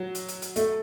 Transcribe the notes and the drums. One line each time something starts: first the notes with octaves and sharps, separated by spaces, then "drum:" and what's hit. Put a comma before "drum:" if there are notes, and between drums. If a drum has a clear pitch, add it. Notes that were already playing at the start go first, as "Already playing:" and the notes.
Already playing: F#3
drum: hi-hat
drum: hi-hat
drum: hi-hat
A3, drum: hi-hat